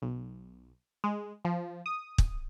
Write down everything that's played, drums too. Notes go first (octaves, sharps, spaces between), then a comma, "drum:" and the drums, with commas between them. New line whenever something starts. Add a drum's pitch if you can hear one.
B1
G#3
F3
D#6
drum: kick